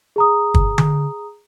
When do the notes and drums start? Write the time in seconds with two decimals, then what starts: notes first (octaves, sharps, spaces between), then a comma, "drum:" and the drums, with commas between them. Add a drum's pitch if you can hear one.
0.16 G#4 A#5 D#6
0.54 drum: kick
0.78 drum: tom D3